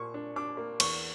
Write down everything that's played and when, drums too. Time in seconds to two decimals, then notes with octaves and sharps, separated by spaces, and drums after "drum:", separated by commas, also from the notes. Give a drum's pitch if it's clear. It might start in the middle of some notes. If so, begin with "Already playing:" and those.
Already playing: A#2 A#3 C#6
0.14 D4
0.36 D4 D6
0.57 A#3
0.80 E2 C#6, drum: cymbal